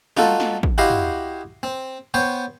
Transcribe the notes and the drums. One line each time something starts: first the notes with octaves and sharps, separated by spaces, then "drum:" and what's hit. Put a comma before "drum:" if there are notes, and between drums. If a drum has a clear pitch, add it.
D#4 F4 F#4 A4, drum: snare
drum: snare
drum: kick
E4 F#4 G4 D#5 F5 C6
drum: tom
C4
B3 C5 C#5 G5